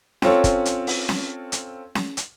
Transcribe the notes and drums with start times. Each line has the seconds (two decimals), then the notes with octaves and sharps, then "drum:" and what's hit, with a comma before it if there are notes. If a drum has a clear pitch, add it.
0.22 C4 C#4 F4 A4 C#5, drum: snare C#4
0.44 drum: kick, hi-hat
0.65 drum: hi-hat
0.87 drum: open hi-hat
1.09 drum: snare C#4
1.52 drum: hi-hat
1.95 drum: snare C#4
2.17 drum: hi-hat